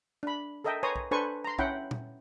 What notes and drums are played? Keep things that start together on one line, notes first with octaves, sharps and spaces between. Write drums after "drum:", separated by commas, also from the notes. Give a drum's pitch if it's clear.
D4 B5
A4 A#4 D#5 E5 G5
B4 C#5 G#5 A#5 C6 D#6
drum: kick
D4 A4 B4 C5 G#5 C#6
A#5 C6
C#4 E4 F#5 G5 B5, drum: kick
drum: tom